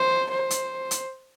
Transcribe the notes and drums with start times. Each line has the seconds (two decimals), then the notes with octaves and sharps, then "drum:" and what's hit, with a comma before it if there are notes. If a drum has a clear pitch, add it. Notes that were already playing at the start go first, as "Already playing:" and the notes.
Already playing: C5
0.30 C5
0.51 drum: hi-hat
0.91 drum: hi-hat